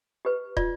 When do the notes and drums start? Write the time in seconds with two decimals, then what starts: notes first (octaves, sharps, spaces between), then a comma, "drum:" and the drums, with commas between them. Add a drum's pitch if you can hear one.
0.25 G4 B4
0.57 F4 D5, drum: kick